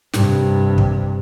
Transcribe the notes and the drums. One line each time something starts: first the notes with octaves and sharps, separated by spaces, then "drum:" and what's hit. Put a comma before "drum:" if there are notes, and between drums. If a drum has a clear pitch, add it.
G2 C3, drum: snare
drum: kick